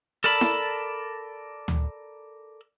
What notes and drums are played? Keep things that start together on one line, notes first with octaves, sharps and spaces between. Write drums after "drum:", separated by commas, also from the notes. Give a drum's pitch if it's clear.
A4 A#4 D5 A5 B5
drum: snare E4
drum: tom D2